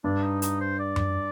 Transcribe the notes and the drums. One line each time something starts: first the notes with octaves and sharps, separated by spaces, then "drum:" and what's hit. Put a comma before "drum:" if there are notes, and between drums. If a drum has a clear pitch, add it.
G2 D4
D#4
D#4, drum: hi-hat
C5
D5
drum: tom F#2